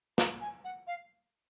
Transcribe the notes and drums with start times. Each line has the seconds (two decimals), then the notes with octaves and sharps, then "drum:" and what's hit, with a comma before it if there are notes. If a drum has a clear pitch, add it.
0.18 A#5, drum: snare
0.41 G#5
0.64 F#5
0.87 F5